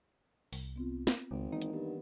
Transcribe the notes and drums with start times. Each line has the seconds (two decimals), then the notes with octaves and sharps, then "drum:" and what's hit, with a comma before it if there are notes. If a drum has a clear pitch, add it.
0.53 C2, drum: open hi-hat
0.76 B3 C4 F4
1.07 drum: snare
1.31 G#1 C#2
1.52 D#3 E3 A#3 D#4
1.62 drum: hi-hat
1.73 G2 B3